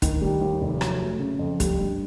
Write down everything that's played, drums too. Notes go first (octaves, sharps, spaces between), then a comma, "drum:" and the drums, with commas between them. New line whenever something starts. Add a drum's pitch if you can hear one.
D#3, drum: kick, hi-hat
G3
D#2
F1
F#3, drum: rim click
A3
C#3
F2
G3, drum: kick, hi-hat
G2